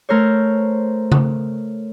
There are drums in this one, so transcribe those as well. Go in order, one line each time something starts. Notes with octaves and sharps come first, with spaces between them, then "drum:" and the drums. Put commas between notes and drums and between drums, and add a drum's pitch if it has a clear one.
A3 A#4 C5 C#5
drum: tom C#3